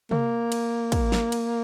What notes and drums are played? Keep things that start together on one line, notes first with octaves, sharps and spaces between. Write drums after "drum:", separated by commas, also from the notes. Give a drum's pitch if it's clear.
A#3, drum: tom C3
drum: cymbal
drum: kick, cymbal
drum: snare
drum: cymbal